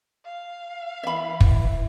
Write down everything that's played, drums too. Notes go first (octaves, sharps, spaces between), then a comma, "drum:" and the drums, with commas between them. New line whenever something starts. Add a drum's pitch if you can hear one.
F5
E3 E5 B5
drum: kick